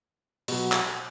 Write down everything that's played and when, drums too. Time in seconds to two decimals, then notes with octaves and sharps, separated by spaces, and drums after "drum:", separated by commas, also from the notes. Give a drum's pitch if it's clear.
0.48 B2 F#3, drum: open hi-hat
0.72 drum: clap